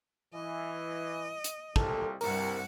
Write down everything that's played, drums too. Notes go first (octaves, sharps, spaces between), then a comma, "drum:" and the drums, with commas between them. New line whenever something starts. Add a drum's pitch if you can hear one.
E3 D#5
drum: hi-hat
C2 A#2 G3 A4, drum: kick
C2 G2 A#4 F#5, drum: open hi-hat